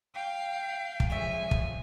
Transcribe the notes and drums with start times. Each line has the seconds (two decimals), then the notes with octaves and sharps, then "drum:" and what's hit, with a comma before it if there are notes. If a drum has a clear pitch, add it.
0.14 F5 G5
1.00 drum: kick
1.10 F3 G#3 A3 C#4 E5 G#5
1.51 drum: kick